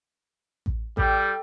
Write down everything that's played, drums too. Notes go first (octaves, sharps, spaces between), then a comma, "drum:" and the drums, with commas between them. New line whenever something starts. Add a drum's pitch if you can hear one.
drum: kick A1
G3 A4 D5 G5, drum: kick A1